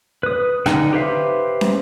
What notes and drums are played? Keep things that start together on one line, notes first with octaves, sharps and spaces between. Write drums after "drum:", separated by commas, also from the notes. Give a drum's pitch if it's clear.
B4 D#6
D3 D#4, drum: rim click
G4 B4 C5 E5 F5
drum: snare